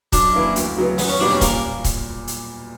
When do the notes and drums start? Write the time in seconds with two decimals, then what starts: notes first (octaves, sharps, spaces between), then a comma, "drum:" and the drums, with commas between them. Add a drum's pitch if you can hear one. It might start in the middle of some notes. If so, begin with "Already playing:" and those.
0.12 F#2 D4, drum: kick C#1, hi-hat
0.34 E3 A#3 E4
0.56 D2, drum: hi-hat
0.77 C#3 F#3 B3
0.98 E2 B3, drum: open hi-hat
1.08 C#4
1.20 B2 G3 A#3 D4
1.30 C#4
1.41 A#2 A#3, drum: kick C#1, hi-hat
1.84 drum: kick C#1, hi-hat
2.27 drum: hi-hat